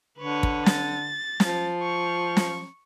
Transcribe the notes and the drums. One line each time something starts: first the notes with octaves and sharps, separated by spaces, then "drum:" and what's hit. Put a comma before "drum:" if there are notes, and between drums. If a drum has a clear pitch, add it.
D3 B4 C#5
drum: kick
A6, drum: snare
F3, drum: snare
C#6
drum: snare